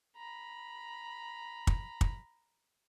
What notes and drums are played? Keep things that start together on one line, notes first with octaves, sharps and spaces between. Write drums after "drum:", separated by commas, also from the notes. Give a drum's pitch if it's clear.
A#5 B5
drum: kick
drum: kick